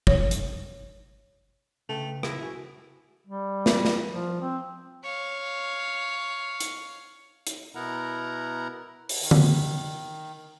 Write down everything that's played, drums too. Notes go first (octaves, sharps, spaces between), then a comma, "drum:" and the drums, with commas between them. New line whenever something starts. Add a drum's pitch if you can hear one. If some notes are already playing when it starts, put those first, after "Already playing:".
C#5, drum: kick
drum: hi-hat
C#3 A3 B4 G5
E4, drum: rim click
F#4 G#4 G#5
G3
drum: snare
drum: snare
F3
C4
C#5 F5
drum: hi-hat
drum: hi-hat
B2 B3 E4 A#4 F#5 A#5
drum: open hi-hat
D#3
drum: tom D3